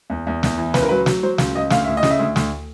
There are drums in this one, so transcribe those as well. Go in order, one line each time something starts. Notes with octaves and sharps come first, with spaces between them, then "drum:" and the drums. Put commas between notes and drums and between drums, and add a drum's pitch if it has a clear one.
E2
E2
E2, drum: snare
E3
C#2 B4, drum: snare
A#4
F#3 B4
F#3, drum: snare
F#3 C5
C#2, drum: snare
C#2 D#5
D2 F5, drum: snare
D2 E5
D#5
C#3, drum: snare
E5
D2
D2, drum: snare